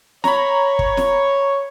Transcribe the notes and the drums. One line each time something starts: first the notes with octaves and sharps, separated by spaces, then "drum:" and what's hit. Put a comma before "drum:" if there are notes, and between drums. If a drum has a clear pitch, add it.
C#5 A#5 B5, drum: snare
drum: kick
drum: snare